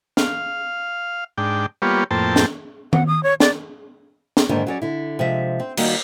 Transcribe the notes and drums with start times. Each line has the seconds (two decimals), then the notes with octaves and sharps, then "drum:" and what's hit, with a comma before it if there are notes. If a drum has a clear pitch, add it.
0.17 F5, drum: snare
1.38 G#2 D4 G5
1.82 G3 A#3 B3 F4 G4 C#5
2.11 F2 A2 A#3 C5 G5 A5
2.36 drum: snare
2.93 F#5, drum: tom D#3
3.07 D#6
3.23 C#5
3.40 D5, drum: snare
4.37 drum: snare
4.49 E2 G#2 D3 D#3 A#3 D4
4.67 F#3 C#4 D5
4.82 D3 E4
5.19 C3 F3 G#3 E5
5.60 C4
5.77 D#3 G3 A#3 D#4 F#4, drum: cymbal